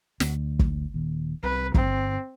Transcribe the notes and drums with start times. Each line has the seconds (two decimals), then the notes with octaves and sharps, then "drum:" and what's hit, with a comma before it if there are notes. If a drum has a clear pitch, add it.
0.20 D2, drum: snare
0.59 drum: kick
0.94 D#1 D#2
1.43 C2 C3 G3 B4
1.74 G1 C4, drum: kick